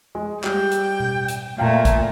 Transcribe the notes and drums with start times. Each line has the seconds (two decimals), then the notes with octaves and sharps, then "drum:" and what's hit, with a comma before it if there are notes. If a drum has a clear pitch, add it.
0.15 G#3
0.44 G3 G5, drum: clap
0.72 drum: hi-hat
1.00 drum: tom B2
1.28 drum: hi-hat
1.58 A#2 A3 F5 G5 A#5
1.85 drum: kick, hi-hat